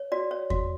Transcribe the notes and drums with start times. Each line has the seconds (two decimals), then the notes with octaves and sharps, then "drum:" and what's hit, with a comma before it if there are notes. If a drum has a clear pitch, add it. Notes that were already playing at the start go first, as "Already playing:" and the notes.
Already playing: C#5
0.12 F#4 D5
0.31 C#5
0.50 F#4, drum: kick E2